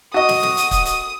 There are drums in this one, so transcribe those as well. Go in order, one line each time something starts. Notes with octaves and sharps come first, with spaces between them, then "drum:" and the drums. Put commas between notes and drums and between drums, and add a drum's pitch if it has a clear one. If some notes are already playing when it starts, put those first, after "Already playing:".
F#4 D#5 D#6
drum: snare
drum: snare
drum: hi-hat
drum: kick C#1, hi-hat
drum: hi-hat